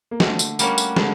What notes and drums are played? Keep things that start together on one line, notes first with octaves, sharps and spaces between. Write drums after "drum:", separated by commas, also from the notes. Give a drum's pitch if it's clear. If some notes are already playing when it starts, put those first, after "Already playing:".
A#3
D3 A3, drum: snare
drum: tambourine
G3 A#3 C#4 F#4, drum: tambourine
drum: tambourine
D3 G#3, drum: snare